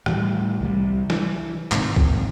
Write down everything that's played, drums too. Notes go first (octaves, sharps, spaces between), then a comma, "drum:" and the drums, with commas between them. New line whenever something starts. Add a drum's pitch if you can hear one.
A2 E3 F3 G3, drum: rim click
C2 F#3 G3
E3, drum: snare
G#2 C3 D#3, drum: clap
drum: kick